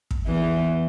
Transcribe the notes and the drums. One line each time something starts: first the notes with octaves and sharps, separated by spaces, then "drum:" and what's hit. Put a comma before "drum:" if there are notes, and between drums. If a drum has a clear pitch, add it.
drum: kick
E2 E3